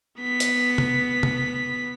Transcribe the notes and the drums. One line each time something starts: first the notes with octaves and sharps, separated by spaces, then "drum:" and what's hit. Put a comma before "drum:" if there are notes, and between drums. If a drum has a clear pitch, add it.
B3 B6
drum: hi-hat
drum: tom C3
drum: tom C3